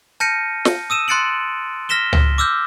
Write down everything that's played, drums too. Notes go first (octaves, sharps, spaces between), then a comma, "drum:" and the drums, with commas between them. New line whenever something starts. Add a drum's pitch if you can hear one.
A5 F6 G6 A#6 C#7 D#7
drum: snare
D#6 E6 D#7 E7
C6 F#6 A6 C#7 D7 F#7
F6 A#6 B6 E7 G7
drum: tom C#2
D6 E6 F6 G6